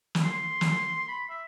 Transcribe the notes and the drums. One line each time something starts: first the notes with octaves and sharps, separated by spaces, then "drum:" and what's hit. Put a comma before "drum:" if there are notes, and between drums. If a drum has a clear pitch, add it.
drum: snare
C6
drum: snare
B5
E5